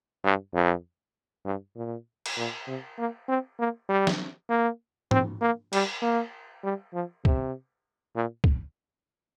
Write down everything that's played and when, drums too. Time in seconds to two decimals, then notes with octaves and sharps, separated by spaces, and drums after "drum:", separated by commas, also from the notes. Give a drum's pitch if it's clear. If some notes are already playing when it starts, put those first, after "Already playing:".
0.24 G2
0.54 F2
1.45 G2
1.76 A#2
2.26 drum: cymbal
2.37 A#2
2.68 C3
2.98 A#3
3.28 C4
3.59 A#3
3.89 G3
4.07 drum: snare
4.50 A#3
5.11 C4, drum: tom
5.41 A#3
5.73 G3, drum: cymbal
6.02 A#3
6.64 G3
6.94 F3
7.25 C3, drum: kick
8.15 A#2
8.44 drum: kick